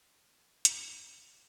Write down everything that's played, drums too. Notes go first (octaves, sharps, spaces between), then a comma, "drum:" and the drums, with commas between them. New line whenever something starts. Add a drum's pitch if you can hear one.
A#2 C#3 E3 F3 G3
D4 G5
A#3 C4 D4 E4 A4 A#4, drum: hi-hat
E2 D#3 D#5 C#7
G4
F#5